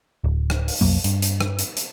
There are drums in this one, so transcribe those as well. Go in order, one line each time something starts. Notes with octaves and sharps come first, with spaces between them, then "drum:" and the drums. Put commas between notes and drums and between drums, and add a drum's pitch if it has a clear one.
D1
drum: rim click
drum: open hi-hat
B1 F2 F#3 A#3
G2, drum: hi-hat
drum: hi-hat
drum: rim click
drum: hi-hat
drum: hi-hat